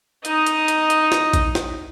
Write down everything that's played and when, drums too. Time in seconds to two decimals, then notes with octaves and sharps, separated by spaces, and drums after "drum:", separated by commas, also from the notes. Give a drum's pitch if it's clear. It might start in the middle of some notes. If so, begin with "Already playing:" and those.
0.25 D#4 D#5, drum: hi-hat
0.46 drum: hi-hat
0.68 drum: hi-hat
0.90 drum: hi-hat
1.12 drum: snare
1.33 drum: kick A#1, hi-hat
1.55 drum: snare